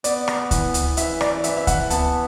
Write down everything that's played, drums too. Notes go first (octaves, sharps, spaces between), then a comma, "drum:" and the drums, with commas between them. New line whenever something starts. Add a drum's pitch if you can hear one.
B3 D5, drum: hi-hat
drum: rim click
E3, drum: kick D2, hi-hat
drum: hi-hat
E3 E5, drum: hi-hat
D5, drum: rim click
E3 E5, drum: hi-hat
E5
F#5, drum: kick D2, hi-hat
B3 A5, drum: hi-hat